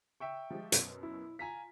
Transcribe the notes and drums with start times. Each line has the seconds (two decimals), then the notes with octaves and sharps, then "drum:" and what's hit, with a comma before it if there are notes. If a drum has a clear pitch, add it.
0.20 E5 G5 C#6
0.50 F3 G#3 G4
0.72 F#2 B2, drum: hi-hat
1.03 E4
1.39 F4 G#5 A#5 B6